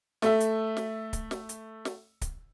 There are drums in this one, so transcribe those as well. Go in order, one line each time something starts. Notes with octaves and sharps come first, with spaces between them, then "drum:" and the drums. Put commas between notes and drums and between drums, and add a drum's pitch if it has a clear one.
A3 E5, drum: snare
drum: hi-hat
drum: snare
drum: kick D1, hi-hat
drum: snare
drum: hi-hat
drum: snare
drum: kick D1, hi-hat